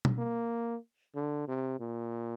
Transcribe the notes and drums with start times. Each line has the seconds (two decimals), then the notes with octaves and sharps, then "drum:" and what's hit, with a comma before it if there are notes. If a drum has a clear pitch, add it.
0.05 drum: tom B2
0.18 A#3
1.15 D3
1.48 C3
1.80 A#2